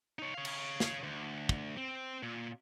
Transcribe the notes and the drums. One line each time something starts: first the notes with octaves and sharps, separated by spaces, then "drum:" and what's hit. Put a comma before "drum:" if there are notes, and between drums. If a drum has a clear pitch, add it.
D#4 C#5
C#5 F5
drum: cymbal
drum: snare
D2
drum: kick
C4
A#2